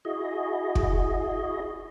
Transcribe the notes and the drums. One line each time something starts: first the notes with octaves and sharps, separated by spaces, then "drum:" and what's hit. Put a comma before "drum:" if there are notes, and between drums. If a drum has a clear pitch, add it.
E4 F#4 G#4 D#5
drum: kick